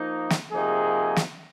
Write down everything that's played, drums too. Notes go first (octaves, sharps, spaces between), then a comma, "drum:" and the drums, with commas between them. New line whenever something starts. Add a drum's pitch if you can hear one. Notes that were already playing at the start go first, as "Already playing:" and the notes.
Already playing: F3 A#3 D#4
drum: snare
C3 F3 A#3 D#4 G#4
drum: snare